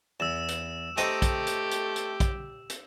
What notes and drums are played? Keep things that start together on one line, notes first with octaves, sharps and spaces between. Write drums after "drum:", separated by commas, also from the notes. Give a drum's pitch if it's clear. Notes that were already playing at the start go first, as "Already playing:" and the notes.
E2 E6 E7
drum: hi-hat
A3 C4 D#4 G4 D#5, drum: hi-hat
drum: kick A#1, hi-hat
drum: hi-hat
drum: hi-hat
drum: hi-hat
drum: kick A#1, hi-hat
drum: hi-hat